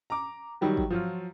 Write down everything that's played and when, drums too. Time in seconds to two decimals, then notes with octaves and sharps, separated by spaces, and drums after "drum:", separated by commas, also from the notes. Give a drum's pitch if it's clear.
0.10 A#5 D6
0.61 D#3 F#3 G3 G4
0.77 drum: kick
0.90 F3 F#3 F4